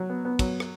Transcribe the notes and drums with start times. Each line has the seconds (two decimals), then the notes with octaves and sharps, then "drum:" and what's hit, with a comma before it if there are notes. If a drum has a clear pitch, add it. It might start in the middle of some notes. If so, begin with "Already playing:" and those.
Already playing: F#3
0.10 B3
0.25 B3
0.39 F#3, drum: kick, cymbal
0.60 drum: rim click